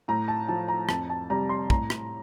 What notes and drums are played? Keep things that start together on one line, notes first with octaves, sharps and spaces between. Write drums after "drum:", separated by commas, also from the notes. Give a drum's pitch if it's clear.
A2 A#5
A5
F3 A5
A#5
F2 A5, drum: rim click
A5
C3 G3 A#5
C6
A2 A#5, drum: kick
drum: rim click